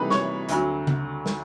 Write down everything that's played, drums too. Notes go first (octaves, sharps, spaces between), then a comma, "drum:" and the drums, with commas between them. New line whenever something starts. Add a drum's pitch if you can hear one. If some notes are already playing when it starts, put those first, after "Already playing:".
Already playing: C3 E3 G3 A#3 D#4 B4 A#5 B5
C#5 C#6, drum: snare
D2 D3 F#3, drum: hi-hat
drum: tom C#3
drum: snare